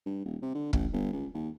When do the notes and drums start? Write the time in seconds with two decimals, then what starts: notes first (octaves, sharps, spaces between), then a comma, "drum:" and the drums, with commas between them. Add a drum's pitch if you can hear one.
0.06 G2
0.25 D#1
0.42 C3
0.55 D3
0.73 A1, drum: kick
0.93 G1
1.13 C#2
1.34 D#2